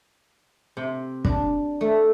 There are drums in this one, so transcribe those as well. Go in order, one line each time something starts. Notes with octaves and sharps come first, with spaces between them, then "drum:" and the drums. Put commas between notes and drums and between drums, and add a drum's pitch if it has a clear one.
C3
D4, drum: kick
A3